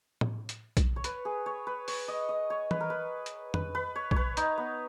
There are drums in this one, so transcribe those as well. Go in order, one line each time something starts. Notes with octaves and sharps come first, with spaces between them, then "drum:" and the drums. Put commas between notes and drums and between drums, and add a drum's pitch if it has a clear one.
drum: tom A2
drum: hi-hat
drum: kick B1, hi-hat
C#5
B4, drum: hi-hat
G#4
C#5
B4
C#5, drum: open hi-hat
D#5
D#5
C#5
B4, drum: tom E3
A#4
B4
drum: hi-hat
B4, drum: tom F2
B4
C#5
C#5, drum: kick B1
B4
D#4, drum: hi-hat
B3